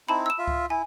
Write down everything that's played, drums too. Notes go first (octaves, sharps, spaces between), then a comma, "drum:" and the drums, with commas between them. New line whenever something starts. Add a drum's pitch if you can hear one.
C4 D#4 E4 A5 B5
E6 E7
F4 E5
drum: kick C#2
E4 G#5